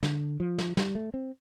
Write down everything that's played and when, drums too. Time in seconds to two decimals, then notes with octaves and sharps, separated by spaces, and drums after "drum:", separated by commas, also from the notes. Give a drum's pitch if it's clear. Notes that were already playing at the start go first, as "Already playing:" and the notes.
0.03 D3, drum: snare
0.40 F3
0.58 drum: snare
0.77 G3, drum: snare
0.95 A3
1.14 C4